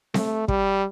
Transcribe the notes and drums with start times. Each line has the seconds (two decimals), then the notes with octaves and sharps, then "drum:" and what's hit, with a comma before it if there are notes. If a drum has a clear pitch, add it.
0.14 A3, drum: snare C4
0.48 G3, drum: kick